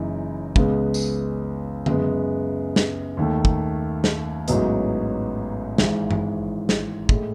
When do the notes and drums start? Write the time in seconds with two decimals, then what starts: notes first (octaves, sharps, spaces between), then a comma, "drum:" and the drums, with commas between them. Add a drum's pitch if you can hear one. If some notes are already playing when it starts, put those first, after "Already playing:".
Already playing: F#1 F#2 E3 G#3 D#4
0.56 C#2 C#3 G#3 B3, drum: kick
0.94 drum: tambourine
1.86 F#2 C#3 G#3 B3, drum: tom D3
2.76 drum: snare
3.17 D#2 D#3 A3
3.45 drum: kick
4.04 drum: snare
4.48 A1 G#2 F#3 B3 D#4, drum: hi-hat
5.78 G#1 G#2 E3, drum: snare
6.11 drum: tom G2
6.69 drum: snare
7.09 A2 G#3, drum: kick